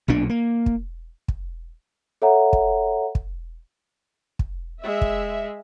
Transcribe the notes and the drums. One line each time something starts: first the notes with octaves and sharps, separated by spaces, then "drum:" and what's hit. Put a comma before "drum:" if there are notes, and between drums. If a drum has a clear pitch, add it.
B1 A#2 D4
A#3
drum: kick
drum: kick
A4 C#5 E5 F#5 A#5
drum: kick
drum: kick
drum: kick
G#3 E5
drum: kick